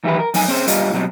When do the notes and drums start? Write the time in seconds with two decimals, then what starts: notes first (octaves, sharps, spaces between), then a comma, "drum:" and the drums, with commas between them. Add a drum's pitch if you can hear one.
0.04 D#3 E3 F#3 G4 B4
0.19 A#4
0.34 F2 F#3 D#4 G#5, drum: open hi-hat
0.48 C4 C#4 G#4 C5
0.68 G3 D4 F4 G4 D#5 F5, drum: hi-hat
0.93 B2 F#3 G3 C4